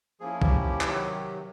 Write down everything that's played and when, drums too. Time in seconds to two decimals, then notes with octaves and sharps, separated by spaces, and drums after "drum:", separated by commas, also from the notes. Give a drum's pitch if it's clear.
0.20 F3 A#3 C#4 E4 G#4
0.42 G4, drum: kick
0.61 G4
0.81 C3 D#3 F#3, drum: clap